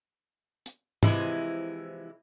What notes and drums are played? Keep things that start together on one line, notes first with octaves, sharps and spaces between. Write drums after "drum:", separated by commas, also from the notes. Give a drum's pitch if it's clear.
drum: hi-hat
C3 E3 F3 G#3 E4, drum: tom G#2